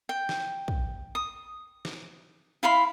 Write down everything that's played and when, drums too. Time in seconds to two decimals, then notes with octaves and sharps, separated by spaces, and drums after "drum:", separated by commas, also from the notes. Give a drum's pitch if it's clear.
0.09 G5
0.29 drum: snare
0.68 drum: kick
1.15 D#6
1.85 drum: snare
2.63 E4 F5 B5 C6